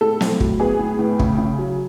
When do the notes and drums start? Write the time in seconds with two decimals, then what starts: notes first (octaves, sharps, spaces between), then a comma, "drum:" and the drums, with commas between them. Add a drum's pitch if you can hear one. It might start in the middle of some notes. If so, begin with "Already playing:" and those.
0.01 A2 A4
0.21 A2, drum: snare
0.40 F#3, drum: kick
0.60 B3 G#4
0.79 A2
0.99 A2
1.19 C#3, drum: kick
1.38 C#3
1.59 F#3